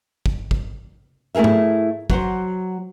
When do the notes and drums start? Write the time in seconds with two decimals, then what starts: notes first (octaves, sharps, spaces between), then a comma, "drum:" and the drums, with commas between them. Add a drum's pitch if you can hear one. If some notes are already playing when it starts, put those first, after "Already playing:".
0.26 drum: kick
0.51 drum: kick
1.35 A3 E4 G#4 A#4 E5
1.44 drum: tom G#2
2.10 F#3 F#4 C5, drum: kick